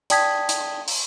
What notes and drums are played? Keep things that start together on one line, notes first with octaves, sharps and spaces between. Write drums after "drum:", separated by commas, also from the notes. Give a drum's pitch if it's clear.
D5 G5 A5 D#6 G#6 B6, drum: hi-hat
drum: hi-hat
drum: open hi-hat